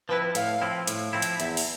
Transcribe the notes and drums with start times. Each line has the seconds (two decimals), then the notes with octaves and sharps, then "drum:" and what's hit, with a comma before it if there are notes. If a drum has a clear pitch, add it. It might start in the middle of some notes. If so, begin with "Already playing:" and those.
0.09 F3 C4 E4 B4
0.35 A2 F5, drum: hi-hat
0.62 F3 C4 E4
0.87 A2, drum: hi-hat
1.13 F3 C4 E4
1.22 drum: hi-hat
1.40 E2 E5, drum: hi-hat
1.57 drum: open hi-hat